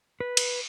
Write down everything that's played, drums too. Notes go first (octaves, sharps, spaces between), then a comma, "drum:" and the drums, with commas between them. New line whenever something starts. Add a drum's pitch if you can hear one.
B4
drum: cymbal